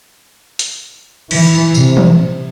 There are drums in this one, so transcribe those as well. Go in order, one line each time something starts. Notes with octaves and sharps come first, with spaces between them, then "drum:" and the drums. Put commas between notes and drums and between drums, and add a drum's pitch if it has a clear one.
drum: hi-hat
E3, drum: cymbal
C3, drum: tambourine
drum: tom E3